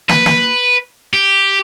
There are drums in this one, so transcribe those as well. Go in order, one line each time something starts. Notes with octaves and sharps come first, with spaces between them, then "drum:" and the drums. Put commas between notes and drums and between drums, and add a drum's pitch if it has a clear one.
B4, drum: snare
drum: snare
G4